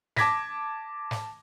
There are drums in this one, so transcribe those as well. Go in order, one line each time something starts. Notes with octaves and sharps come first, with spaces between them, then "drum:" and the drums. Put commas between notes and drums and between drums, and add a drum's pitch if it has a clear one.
A5 D6 G#6 A#6 B6, drum: snare
drum: snare